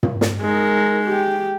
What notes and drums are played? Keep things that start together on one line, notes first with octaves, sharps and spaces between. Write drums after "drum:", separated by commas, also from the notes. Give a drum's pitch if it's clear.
drum: tom
drum: snare
G#3 D#4 A#4
G4